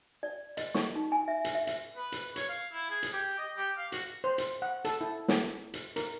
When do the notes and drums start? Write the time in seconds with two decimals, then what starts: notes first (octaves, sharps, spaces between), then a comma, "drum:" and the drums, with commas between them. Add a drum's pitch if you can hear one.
0.23 D5
0.57 D#5, drum: hi-hat
0.75 C#6, drum: snare
0.95 D#4
1.12 G#5
1.28 E5
1.45 drum: hi-hat
1.55 E5
1.67 drum: hi-hat
1.96 B4
2.12 drum: hi-hat
2.36 C#5, drum: hi-hat
2.49 F5
2.72 E4
2.90 G#4
3.03 drum: hi-hat
3.13 G4
3.38 D#5
3.56 G4
3.77 F5
3.92 F#4, drum: hi-hat
4.24 C5
4.38 drum: hi-hat
4.62 F#5
4.85 A4, drum: hi-hat
5.01 E4
5.28 drum: snare
5.74 drum: hi-hat
5.96 A#4, drum: hi-hat